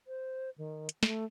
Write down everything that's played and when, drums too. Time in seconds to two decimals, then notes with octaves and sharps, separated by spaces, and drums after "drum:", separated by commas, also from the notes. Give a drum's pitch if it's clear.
0.07 C5
0.58 D#3
0.89 drum: hi-hat
1.03 A3, drum: snare